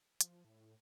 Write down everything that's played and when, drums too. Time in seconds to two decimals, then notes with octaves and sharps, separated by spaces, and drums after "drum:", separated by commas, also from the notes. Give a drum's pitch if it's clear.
0.21 F3, drum: hi-hat
0.45 A2